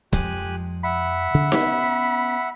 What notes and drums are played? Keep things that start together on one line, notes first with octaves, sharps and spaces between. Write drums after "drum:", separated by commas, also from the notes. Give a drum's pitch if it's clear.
F2 F3 G#3 G4 G#5 F#6, drum: kick
E5 F#5 B5
C#3
B3 C#4, drum: snare D#4